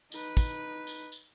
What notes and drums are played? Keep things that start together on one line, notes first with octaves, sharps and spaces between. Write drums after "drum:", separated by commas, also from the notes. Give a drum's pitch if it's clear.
D#4 B4, drum: tambourine
drum: kick, tambourine
drum: tambourine
drum: tambourine